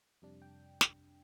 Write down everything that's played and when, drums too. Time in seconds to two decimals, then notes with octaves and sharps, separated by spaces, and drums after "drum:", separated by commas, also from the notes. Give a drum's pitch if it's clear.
0.22 F2 C3 G3 D4
0.42 G5
0.81 drum: snare